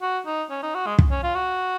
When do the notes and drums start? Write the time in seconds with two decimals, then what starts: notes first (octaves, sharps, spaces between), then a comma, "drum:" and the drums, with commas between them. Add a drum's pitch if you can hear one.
0.02 F#4
0.26 D#4
0.50 C#4
0.63 D#4
0.74 F#4
0.86 G#3
0.99 drum: kick
1.10 C#4
1.23 F4
1.35 F#4